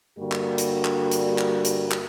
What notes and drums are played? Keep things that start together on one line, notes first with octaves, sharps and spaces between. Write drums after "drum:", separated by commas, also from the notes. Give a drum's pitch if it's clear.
G2 D3 G3 A#3 F#4 G4
drum: clap
drum: hi-hat
drum: clap
drum: hi-hat
drum: clap
drum: hi-hat
drum: clap